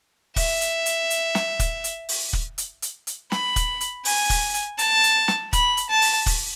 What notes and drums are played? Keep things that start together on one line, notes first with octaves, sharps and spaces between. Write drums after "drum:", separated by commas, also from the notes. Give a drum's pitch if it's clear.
E5, drum: kick, open hi-hat
drum: hi-hat
drum: hi-hat
drum: hi-hat
drum: snare
drum: kick, hi-hat
drum: hi-hat
drum: open hi-hat
drum: kick
drum: hi-hat
drum: hi-hat
drum: hi-hat
B5, drum: snare
drum: kick, hi-hat
drum: hi-hat
G#5, drum: open hi-hat
drum: kick, open hi-hat
drum: hi-hat
A5, drum: hi-hat
drum: hi-hat
drum: snare
B5, drum: kick, hi-hat
drum: hi-hat
A5
drum: open hi-hat
drum: kick, open hi-hat